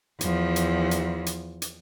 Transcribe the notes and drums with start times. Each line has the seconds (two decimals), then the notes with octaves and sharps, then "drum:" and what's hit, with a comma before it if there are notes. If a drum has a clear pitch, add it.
0.21 E2 F3, drum: hi-hat
0.56 drum: hi-hat
0.91 drum: hi-hat
1.26 drum: hi-hat
1.62 drum: hi-hat